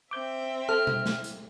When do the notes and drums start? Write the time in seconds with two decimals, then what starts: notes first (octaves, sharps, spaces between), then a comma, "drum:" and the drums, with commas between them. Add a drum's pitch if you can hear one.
0.11 C4 E5 D6 G6
0.69 A4 F6
0.87 drum: tom B2
1.06 drum: snare
1.24 drum: hi-hat